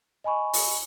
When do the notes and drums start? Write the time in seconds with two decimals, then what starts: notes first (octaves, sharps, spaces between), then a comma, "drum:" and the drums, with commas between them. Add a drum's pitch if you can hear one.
0.24 D#5 G#5 B5 C#6
0.53 drum: open hi-hat